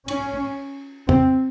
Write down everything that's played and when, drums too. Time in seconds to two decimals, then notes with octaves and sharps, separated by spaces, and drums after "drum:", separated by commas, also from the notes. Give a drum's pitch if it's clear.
0.08 C#4, drum: cymbal
1.09 C4, drum: tom E2